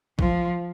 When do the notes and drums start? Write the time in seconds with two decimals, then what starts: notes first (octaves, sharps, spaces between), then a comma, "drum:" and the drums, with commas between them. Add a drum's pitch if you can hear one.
0.19 F3, drum: kick A#1